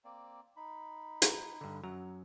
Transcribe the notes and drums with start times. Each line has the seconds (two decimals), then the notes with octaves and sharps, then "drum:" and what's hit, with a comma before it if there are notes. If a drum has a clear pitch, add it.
0.05 A#3 C4 D5
0.56 D#4 B5
1.22 drum: hi-hat
1.61 G2 D3
1.84 F#2 F#3 A#5